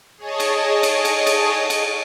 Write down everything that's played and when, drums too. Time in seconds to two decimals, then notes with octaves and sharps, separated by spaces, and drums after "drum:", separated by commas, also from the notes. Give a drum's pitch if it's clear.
0.18 G#4 C#5 D#5 A5
0.40 drum: cymbal
0.83 drum: cymbal
1.05 drum: cymbal
1.27 drum: cymbal
1.70 drum: cymbal